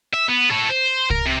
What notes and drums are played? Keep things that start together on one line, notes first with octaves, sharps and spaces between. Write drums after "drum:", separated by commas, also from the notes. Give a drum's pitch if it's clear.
E5
B3
A4 C#5
C5
A#4, drum: kick C2
C3